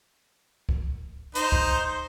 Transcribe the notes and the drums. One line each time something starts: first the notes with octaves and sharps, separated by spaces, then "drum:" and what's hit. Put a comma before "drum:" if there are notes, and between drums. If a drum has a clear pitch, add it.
drum: kick
D#4 C5, drum: hi-hat
drum: kick